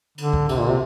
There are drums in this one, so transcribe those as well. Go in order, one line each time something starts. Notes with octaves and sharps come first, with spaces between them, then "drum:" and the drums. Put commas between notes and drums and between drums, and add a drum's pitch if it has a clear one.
D3, drum: cymbal
drum: kick
C3, drum: cymbal
A#2
C3